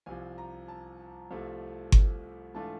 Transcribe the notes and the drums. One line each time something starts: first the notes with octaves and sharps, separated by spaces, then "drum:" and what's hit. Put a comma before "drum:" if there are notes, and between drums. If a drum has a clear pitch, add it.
C2 C3 F3 G#5
A#5
A5
C2 C3 F3 A3
drum: kick G1
G#2 E3 A3 D4 F4 A5